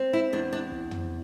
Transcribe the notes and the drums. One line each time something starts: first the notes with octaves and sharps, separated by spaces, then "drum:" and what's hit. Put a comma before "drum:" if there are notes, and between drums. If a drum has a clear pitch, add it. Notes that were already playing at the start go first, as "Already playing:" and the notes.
Already playing: C4
E4
E2 D4
D4
drum: kick
drum: tom